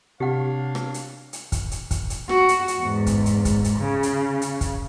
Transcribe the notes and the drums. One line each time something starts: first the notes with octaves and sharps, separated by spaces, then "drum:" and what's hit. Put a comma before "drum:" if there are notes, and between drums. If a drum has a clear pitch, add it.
C3 D4 G4 C#5 F5 F#5
drum: rim click
drum: hi-hat
drum: hi-hat
drum: kick, hi-hat
drum: hi-hat
drum: kick, hi-hat
drum: hi-hat
F#4, drum: rim click
drum: hi-hat
drum: hi-hat
E2 G#2
drum: kick, hi-hat
drum: hi-hat
drum: kick, hi-hat
drum: hi-hat
C#3
drum: hi-hat
drum: hi-hat
drum: kick, hi-hat